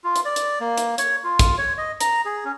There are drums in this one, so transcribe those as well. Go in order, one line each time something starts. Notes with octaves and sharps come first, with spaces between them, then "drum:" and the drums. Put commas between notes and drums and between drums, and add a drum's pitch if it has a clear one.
F4
drum: hi-hat
D5
drum: hi-hat
A#3
drum: hi-hat
C#5, drum: hi-hat
F4
drum: kick, hi-hat
C#5
D#5
A#5, drum: hi-hat
G#4
C#4